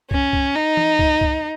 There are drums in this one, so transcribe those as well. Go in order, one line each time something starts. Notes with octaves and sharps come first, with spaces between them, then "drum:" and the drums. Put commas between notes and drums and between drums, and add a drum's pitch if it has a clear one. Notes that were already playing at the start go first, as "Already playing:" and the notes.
C#4, drum: kick
drum: kick
D#4
drum: tom E3
drum: kick
drum: kick